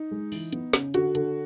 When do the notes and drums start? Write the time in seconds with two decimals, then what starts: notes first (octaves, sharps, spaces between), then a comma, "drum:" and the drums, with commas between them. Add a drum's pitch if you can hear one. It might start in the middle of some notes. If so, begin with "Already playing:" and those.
Already playing: D#4
0.11 G#3
0.32 E3, drum: open hi-hat
0.52 B3, drum: hi-hat
0.73 C#3, drum: snare
0.94 D3 F#4, drum: hi-hat
1.15 D3, drum: hi-hat